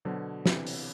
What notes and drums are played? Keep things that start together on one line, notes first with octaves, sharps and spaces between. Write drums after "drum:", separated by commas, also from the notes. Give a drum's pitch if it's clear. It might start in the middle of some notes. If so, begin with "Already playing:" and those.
B2 D3 F#3 B3 F#4 C5
C3 E3, drum: snare
drum: open hi-hat